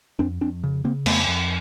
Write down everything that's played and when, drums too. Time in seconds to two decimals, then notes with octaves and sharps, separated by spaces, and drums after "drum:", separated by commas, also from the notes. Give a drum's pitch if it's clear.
0.19 F2 C4 D4
0.41 F2 C4 D4
0.64 C#3
0.84 C#3 A#3 C4
1.06 F2 A3 B3, drum: cymbal
1.28 F2